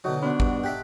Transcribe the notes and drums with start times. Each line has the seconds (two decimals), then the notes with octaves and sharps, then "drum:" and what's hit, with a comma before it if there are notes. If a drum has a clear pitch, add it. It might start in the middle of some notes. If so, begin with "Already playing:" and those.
0.04 B2 D3 F#3 D#4 F#4
0.22 B3 D4 C5 F#5 B5
0.40 G2, drum: kick
0.64 G4 A4 E5 G5 F#6 B6